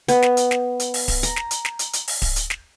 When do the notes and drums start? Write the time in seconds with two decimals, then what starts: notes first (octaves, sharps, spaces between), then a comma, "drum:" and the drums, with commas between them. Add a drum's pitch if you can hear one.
0.08 B3, drum: hi-hat
0.23 drum: snare
0.37 drum: hi-hat
0.51 drum: snare
0.80 drum: hi-hat
0.94 drum: open hi-hat
1.08 drum: kick D1, open hi-hat
1.23 A#5, drum: hi-hat
1.36 drum: snare
1.51 drum: hi-hat
1.65 drum: snare
1.79 drum: hi-hat
1.93 drum: hi-hat
2.08 drum: open hi-hat
2.22 drum: kick D1, open hi-hat
2.36 drum: hi-hat
2.50 drum: snare